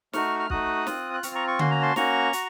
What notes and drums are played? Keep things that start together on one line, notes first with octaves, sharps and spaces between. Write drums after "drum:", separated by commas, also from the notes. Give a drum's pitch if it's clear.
A3 D#4 F#4 C#6 F6, drum: snare
F6
A3 D#4 F#4 D#6 F#6, drum: kick
C4 F4, drum: snare
F#6
C4 F4 C#6 F6, drum: hi-hat
A#5 C#6
C#6
A#3 C#4 F#4 C6, drum: tom D3
A#5
A5 C6
A#3 C#4 F#4 A#5 C#6, drum: snare
F#4, drum: hi-hat